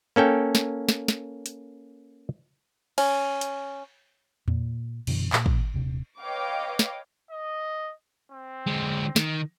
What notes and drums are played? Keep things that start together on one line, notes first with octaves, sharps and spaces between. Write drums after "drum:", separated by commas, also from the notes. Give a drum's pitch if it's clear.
A#3 C#4 A4 G5
drum: snare
drum: snare
drum: snare
drum: hi-hat
C#4, drum: cymbal
drum: hi-hat
A#2, drum: tom E2
F#2 B2 D3 E3, drum: cymbal
A#2, drum: clap
drum: kick
D#1 C3
B4 C#5 D#5 F5 G5 D6
drum: snare
D#5
C4
D3 G#3
D#3, drum: snare